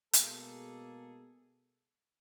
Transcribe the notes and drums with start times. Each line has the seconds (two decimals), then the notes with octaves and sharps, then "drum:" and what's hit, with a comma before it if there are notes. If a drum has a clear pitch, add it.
0.13 B2 G#3 A#3 G#4 A4, drum: hi-hat